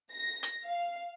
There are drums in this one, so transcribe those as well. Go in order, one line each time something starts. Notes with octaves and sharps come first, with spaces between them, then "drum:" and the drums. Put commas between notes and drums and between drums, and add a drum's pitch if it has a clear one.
A#6
drum: hi-hat
F5